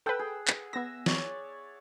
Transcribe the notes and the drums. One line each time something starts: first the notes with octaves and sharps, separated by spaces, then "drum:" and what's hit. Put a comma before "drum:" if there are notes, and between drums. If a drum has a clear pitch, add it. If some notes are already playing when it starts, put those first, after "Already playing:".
A4 B4 F#5 G5 E6
G#4
drum: clap
B3 E5 E6 A#6
C#5 D5, drum: snare